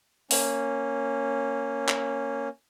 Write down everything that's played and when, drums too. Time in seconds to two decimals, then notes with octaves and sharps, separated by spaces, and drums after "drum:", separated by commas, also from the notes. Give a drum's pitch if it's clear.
0.31 A#3 C#4, drum: open hi-hat
1.89 drum: clap